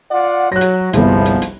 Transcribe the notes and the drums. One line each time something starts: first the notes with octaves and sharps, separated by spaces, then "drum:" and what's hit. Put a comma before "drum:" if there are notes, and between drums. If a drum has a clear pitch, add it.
F4 D5 F#5
F#3 F#6 A#6
drum: hi-hat
G1 C2 F3 G#3 B3, drum: hi-hat
drum: hi-hat
drum: hi-hat